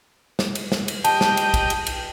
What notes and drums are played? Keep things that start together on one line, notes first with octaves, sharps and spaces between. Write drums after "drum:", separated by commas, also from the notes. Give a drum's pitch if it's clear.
drum: snare
drum: cymbal
drum: snare
drum: cymbal
G4 D#5 G5 A5, drum: cymbal
drum: snare
drum: cymbal
drum: kick, cymbal
drum: cymbal
drum: cymbal